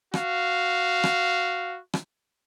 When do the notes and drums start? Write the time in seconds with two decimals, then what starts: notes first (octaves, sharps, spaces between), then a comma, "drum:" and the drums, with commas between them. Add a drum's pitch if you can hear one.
0.14 F#4 F5, drum: rim click
1.04 drum: rim click
1.94 drum: rim click